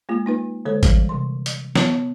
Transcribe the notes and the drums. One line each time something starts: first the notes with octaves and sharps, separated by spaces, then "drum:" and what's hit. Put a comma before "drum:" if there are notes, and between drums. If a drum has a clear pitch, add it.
G#3 A#3 F4
A#3 D#4 B4
D3 G#3 A4 C#5
E3 G3, drum: kick G#1, hi-hat
C3 C6
drum: hi-hat
B3 C#5, drum: snare